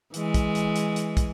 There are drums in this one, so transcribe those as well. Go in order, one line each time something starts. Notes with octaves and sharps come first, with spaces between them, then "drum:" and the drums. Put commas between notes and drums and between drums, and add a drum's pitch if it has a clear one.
E3 G#3, drum: hi-hat
drum: kick, hi-hat
drum: hi-hat
drum: hi-hat
drum: hi-hat
drum: kick, hi-hat